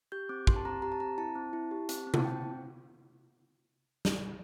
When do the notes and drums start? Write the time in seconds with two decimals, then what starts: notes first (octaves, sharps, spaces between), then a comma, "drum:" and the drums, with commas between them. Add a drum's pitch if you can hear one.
0.12 G4 G6
0.29 C4 D6
0.47 G4 C6, drum: kick
0.56 A5
0.65 C4 A#5
0.82 G4 A#5
0.92 A5
1.00 C4 A#5
1.18 E4 A5
1.35 C4
1.53 E4
1.71 G4
1.89 C4, drum: hi-hat
2.07 C4
2.14 A5, drum: tom C3
2.25 C4 G5
4.05 drum: snare